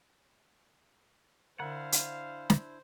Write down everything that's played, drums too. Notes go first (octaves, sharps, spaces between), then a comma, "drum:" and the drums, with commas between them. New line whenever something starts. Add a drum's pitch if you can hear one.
D3 D4 E4 C5 F5 F#5
drum: hi-hat
drum: snare